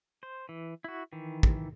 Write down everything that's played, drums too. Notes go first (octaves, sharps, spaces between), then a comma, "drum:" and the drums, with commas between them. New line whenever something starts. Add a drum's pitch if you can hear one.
C5
E3
E4 F#4
D#3 E3
drum: kick